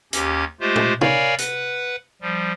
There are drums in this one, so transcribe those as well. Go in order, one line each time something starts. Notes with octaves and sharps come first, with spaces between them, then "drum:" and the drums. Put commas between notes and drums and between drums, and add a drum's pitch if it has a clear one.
D#2 C#4 G4 G#6, drum: hi-hat
G#3 A3 F4 G4 C5
drum: tom A#2
A#4 C#5 D5 F5 G#5 B5, drum: tom C3
B4 F#5, drum: hi-hat
F3 G3